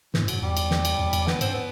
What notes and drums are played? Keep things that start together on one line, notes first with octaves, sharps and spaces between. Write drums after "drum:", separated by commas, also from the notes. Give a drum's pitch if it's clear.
G2 E3, drum: snare
F#2
F#3, drum: cymbal
F#2
E2 G3
drum: cymbal
drum: snare
drum: cymbal
E2
E2, drum: cymbal
B3, drum: snare
G2 C4, drum: cymbal
B3